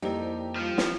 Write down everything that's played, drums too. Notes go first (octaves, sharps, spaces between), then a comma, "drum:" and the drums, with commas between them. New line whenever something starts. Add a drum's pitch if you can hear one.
F2 A#3 D#4 E4 G4 C5 D5
F3 G3
drum: snare